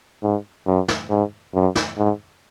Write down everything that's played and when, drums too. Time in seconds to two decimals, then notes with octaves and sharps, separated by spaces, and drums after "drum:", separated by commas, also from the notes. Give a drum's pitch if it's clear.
0.23 G#2
0.67 F#2
0.88 drum: snare
1.10 G#2
1.54 F#2
1.75 drum: snare
1.97 G#2